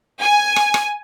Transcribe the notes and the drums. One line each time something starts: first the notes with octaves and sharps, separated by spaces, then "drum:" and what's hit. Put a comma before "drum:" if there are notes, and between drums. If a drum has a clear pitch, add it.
G#5
drum: rim click
drum: rim click